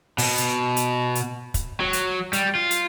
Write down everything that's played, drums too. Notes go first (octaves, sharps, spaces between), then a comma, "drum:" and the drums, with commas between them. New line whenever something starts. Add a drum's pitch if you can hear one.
B2, drum: open hi-hat
drum: hi-hat
drum: hi-hat
drum: hi-hat
drum: kick, hi-hat
F#3
drum: hi-hat
G3, drum: hi-hat
F4
drum: hi-hat